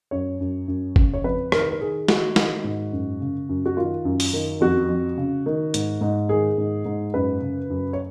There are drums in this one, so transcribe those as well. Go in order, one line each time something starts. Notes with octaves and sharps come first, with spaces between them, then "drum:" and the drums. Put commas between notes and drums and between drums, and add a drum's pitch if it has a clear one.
F#2 C#5
F#2
F#2
C#3, drum: kick
C#5
F2 B4
D#3 A#4, drum: rim click
B4
A#4
D#3 G#4
D#3 F#4, drum: snare
D#3, drum: snare
G#2
F#2
C#3
F#2
F#4
D#3 F4
F#2
drum: open hi-hat
D#3
F2 F#4
F2
C#3
D#3
G#2, drum: hi-hat
G#2
D#3 G#4
G#2
G#2
F#2 B4
C#3
F#2
C#5